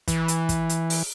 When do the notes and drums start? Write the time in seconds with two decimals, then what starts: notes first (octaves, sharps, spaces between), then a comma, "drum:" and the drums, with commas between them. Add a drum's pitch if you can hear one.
0.08 E3, drum: kick, hi-hat
0.28 drum: hi-hat
0.49 drum: kick, hi-hat
0.69 drum: hi-hat
0.90 drum: open hi-hat